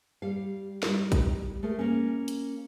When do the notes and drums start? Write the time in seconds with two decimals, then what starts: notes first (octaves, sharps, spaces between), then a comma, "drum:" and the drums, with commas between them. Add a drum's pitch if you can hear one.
0.22 G3 F5
0.83 G3 D#4, drum: snare
1.12 drum: kick, hi-hat
1.63 A3 G#4 A#4
1.79 A#3 C#4
2.28 drum: hi-hat